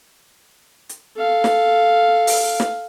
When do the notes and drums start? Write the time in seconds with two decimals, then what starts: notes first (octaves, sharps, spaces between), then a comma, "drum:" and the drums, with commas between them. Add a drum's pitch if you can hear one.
0.89 drum: hi-hat
1.17 A4 F5
1.44 drum: snare
2.27 drum: open hi-hat
2.60 drum: snare